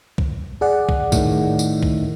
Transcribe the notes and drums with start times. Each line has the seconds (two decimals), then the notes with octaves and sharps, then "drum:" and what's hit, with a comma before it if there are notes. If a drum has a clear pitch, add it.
0.18 drum: kick
0.61 G#4 D5 F#5
0.89 drum: kick
1.12 A2 D#3, drum: kick, tambourine
1.59 drum: tambourine
1.83 drum: kick